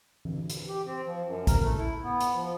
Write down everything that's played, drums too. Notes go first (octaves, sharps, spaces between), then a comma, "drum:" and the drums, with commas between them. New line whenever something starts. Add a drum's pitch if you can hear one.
drum: tom E3
drum: hi-hat
G4
C4
F3
F#2
A#4, drum: kick A1, hi-hat
A3
E4
B3
drum: hi-hat
F3